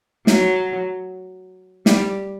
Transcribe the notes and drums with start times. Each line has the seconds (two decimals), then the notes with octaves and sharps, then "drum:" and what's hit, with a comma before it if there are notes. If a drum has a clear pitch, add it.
0.27 F#3, drum: snare
1.86 G3, drum: snare